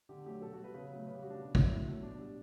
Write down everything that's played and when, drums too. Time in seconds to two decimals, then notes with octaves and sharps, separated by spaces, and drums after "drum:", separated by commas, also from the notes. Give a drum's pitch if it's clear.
0.09 D3 G4
0.26 F#3 A3 G4
0.42 B2 A4
0.53 G3 F#4
0.64 B4
0.74 C#3 B4
0.90 F#3
0.95 A3
1.06 C#3 B4
1.14 G4
1.22 G3 F#4
1.30 D4
1.39 B2
1.55 F#3 A3, drum: kick
1.71 A2 E4
1.87 F#3 A3
2.03 B2 D4
2.19 G3